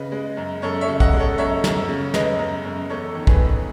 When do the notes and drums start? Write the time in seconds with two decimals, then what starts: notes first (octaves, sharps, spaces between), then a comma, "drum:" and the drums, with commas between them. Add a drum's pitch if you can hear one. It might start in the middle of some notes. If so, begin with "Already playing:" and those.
Already playing: C#3 B4 D#5
0.12 G#3
0.37 F#2
0.62 F#2 A4 C#5
0.81 C#5 E5
0.88 C#3
1.00 D#5 F#5, drum: kick
1.13 G#3
1.19 A4 C#5
1.38 F#2 C#5 E5
1.64 F#2, drum: snare
1.89 C#3
2.14 G#3 B4 D#5, drum: snare
2.39 F#2
2.65 F#2
2.90 E2 A4 C#5
3.15 D#3
3.27 G#4 B4, drum: kick
3.40 E1